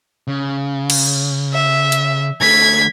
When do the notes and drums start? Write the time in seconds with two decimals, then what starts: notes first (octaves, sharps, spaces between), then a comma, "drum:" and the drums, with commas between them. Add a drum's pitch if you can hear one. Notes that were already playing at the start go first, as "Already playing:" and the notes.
0.28 C#3
0.90 drum: cymbal
1.54 E5
1.92 drum: hi-hat
2.41 D3 A3 G#6 B6